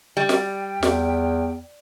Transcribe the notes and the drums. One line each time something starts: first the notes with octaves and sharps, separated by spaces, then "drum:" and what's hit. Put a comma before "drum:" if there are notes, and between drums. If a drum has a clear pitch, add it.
G3 G5
drum: snare
E2, drum: snare